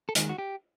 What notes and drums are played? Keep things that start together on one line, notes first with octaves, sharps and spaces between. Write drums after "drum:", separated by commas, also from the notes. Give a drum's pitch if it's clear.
A4
D#2 D#3 G#3 G#4, drum: hi-hat
F#4
G4